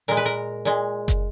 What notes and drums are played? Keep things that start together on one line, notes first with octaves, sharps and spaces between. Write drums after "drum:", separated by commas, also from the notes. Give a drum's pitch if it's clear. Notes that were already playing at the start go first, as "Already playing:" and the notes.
A#2 G#3 A#4
B4
A#4
A#2 G#3
drum: kick F#1, hi-hat